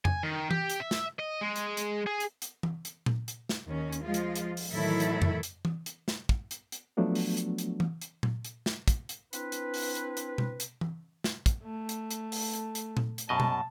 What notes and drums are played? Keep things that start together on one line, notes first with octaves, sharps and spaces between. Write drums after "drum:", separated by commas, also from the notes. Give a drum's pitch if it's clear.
G#5, drum: tom F2
D#3
G4, drum: tom E3
drum: hi-hat
E5
drum: snare
D#5
G#3
drum: hi-hat
drum: hi-hat
G#4
drum: hi-hat
drum: hi-hat
drum: tom E3
drum: hi-hat
drum: tom A#2
drum: hi-hat
drum: snare
D#2 D#3 C#4
drum: hi-hat
F3 G#3 F4
drum: hi-hat
drum: hi-hat
drum: open hi-hat
A2 D#3 E3 F#3 E4 A4
drum: hi-hat
drum: tom F2
drum: hi-hat
drum: tom E3
drum: hi-hat
drum: snare
drum: kick
drum: hi-hat
drum: hi-hat
F3 F#3 A3 B3 D4 F#4
drum: open hi-hat
drum: hi-hat
drum: hi-hat
drum: tom E3
drum: hi-hat
drum: tom A#2
drum: hi-hat
drum: snare
drum: kick, hi-hat
drum: hi-hat
C4 D4 E4 B4, drum: hi-hat
drum: hi-hat
drum: open hi-hat
drum: hi-hat
drum: hi-hat
drum: tom B2
drum: hi-hat
drum: tom E3
drum: snare
drum: kick, hi-hat
A3
drum: hi-hat
drum: hi-hat
drum: open hi-hat
drum: hi-hat
drum: hi-hat
drum: tom A#2
drum: hi-hat
F#2 B2 D#5 A5
drum: tom B2